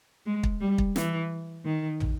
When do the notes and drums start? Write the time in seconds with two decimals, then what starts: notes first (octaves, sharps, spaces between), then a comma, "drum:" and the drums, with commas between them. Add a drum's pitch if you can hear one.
0.26 G#3
0.43 drum: kick
0.61 G3
0.78 drum: kick
0.96 E3, drum: snare
1.65 D#3
2.00 drum: tom